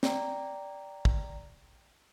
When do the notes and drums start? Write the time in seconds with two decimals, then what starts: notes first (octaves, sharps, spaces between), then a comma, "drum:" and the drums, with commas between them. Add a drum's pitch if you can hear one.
0.03 D5 G5 A#5, drum: snare
1.05 drum: kick